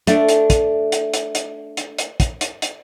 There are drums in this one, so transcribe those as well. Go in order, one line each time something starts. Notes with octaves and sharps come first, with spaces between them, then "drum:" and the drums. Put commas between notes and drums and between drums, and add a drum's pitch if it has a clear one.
A3 D4, drum: hi-hat
drum: hi-hat
drum: kick, hi-hat
drum: hi-hat
drum: hi-hat
drum: hi-hat
drum: hi-hat
drum: hi-hat
drum: kick, hi-hat
drum: hi-hat
drum: hi-hat